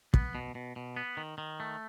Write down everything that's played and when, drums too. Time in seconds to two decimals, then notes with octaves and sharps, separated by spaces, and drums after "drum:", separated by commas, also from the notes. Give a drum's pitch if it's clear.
0.14 B3, drum: kick
0.35 B2
0.55 B2
0.76 B2
0.97 B3
1.17 D#3
1.38 D#3
1.60 A3